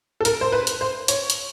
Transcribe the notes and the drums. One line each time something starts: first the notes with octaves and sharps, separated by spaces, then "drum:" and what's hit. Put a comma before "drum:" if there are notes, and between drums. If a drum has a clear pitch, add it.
A4
A#4, drum: hi-hat
C5
B4
drum: hi-hat
C5
C#5, drum: hi-hat
drum: hi-hat